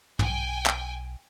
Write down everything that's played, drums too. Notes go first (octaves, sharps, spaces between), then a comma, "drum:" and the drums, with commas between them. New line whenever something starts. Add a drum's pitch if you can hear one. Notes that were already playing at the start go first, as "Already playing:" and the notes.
B1 G5 G#5, drum: tom
drum: clap